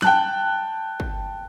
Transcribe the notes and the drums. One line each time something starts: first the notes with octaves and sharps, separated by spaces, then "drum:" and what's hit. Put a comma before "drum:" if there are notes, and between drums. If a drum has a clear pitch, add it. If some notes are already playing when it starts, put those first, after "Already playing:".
G5 A5 F#6, drum: snare
drum: kick